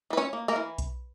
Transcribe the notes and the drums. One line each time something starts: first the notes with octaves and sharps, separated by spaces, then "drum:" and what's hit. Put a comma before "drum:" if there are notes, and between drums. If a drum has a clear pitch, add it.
E3
B4
C#4 C#5
A#3
A#3 A#4
E3
drum: kick B1, hi-hat